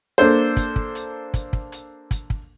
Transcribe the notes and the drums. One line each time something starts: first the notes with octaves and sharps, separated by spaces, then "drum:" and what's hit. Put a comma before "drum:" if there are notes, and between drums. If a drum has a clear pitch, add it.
A#3 D4 A4 C5, drum: hi-hat
drum: kick, hi-hat
drum: kick
drum: hi-hat
drum: kick, hi-hat
drum: kick
drum: hi-hat
drum: kick, hi-hat
drum: kick